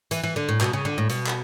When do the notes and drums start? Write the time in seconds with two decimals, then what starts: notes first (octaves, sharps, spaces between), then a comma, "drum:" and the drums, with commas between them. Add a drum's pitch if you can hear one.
0.11 E3, drum: hi-hat
0.23 E3
0.36 D3
0.49 A2
0.61 B2, drum: clap
0.73 C#3
0.85 D3
0.98 A2
1.10 B2, drum: hi-hat
1.27 drum: clap